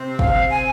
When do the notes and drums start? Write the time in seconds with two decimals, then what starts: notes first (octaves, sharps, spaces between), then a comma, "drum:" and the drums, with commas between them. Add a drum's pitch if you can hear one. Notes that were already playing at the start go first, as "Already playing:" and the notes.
Already playing: C3 C4
0.19 F5, drum: kick
0.50 G#5